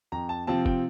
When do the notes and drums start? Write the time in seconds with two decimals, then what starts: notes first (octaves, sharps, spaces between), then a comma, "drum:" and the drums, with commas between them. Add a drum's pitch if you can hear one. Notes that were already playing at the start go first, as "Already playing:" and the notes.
0.12 F2 A#5
0.29 A5
0.47 C3 F3 C4 F4 A5
0.66 G5, drum: kick